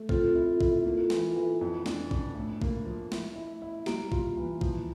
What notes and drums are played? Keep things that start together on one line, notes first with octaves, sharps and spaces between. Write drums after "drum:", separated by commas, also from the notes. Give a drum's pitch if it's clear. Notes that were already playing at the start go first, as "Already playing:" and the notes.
Already playing: A3
C4 F4 A4, drum: kick
E4
E4, drum: kick
A#3
E3, drum: snare
E3
F2
D4, drum: snare
D4, drum: kick
A2
A#3, drum: kick
F3
E4, drum: snare
E4
E4
G3 A#3, drum: snare
F4, drum: kick
E3
F3, drum: kick